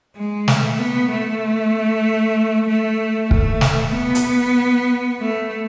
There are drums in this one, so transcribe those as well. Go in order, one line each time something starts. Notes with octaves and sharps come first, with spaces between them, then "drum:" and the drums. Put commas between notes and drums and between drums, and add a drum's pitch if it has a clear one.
G#3
A3, drum: snare
B3
A3
A3
A3, drum: kick
drum: snare
B3
drum: hi-hat
A3